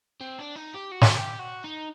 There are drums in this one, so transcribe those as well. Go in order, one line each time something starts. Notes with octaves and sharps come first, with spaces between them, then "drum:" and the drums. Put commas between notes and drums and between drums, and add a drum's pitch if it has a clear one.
C4
D4
D#4
G4
F#4
drum: snare
G4
F#4
D#4